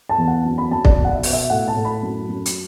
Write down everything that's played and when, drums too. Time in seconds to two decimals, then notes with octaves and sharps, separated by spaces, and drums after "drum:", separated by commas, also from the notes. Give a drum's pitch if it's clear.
0.09 A5
0.18 E2
0.28 F#5
0.45 F#2
0.58 B5
0.71 F#2 A5
0.85 D5, drum: kick
0.98 B2
1.05 F#5
1.15 E5
1.23 B2, drum: open hi-hat
1.33 E5
1.50 A2 F#5
1.68 A5
1.77 A2
1.85 B5
2.03 F#2
2.29 F#2
2.46 drum: hi-hat